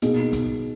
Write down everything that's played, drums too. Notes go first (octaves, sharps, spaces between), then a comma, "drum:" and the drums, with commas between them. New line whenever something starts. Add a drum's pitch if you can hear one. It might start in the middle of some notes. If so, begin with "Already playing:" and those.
B2 A#3 D#4 G#4, drum: hi-hat
drum: kick, hi-hat